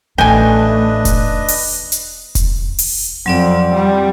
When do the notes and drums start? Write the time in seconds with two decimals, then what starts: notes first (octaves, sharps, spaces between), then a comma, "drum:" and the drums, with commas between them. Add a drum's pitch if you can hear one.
0.18 A1 A3 D4 D#4 B4 D#5 G5 G#5
1.05 drum: kick E1, hi-hat
1.48 drum: open hi-hat
1.92 drum: hi-hat
2.35 drum: kick E1, hi-hat
2.79 drum: open hi-hat
3.26 F2 F#3 C4 D5
3.74 G3